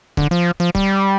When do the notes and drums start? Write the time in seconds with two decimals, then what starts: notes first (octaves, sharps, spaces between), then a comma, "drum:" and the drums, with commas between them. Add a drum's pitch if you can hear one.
0.17 D3, drum: kick
0.31 F3
0.60 F3
0.75 G3, drum: kick